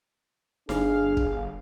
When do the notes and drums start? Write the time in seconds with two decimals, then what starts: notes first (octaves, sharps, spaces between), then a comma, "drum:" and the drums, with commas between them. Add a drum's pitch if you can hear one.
0.69 G1 D4 G#4 F5, drum: snare D#4
1.17 drum: kick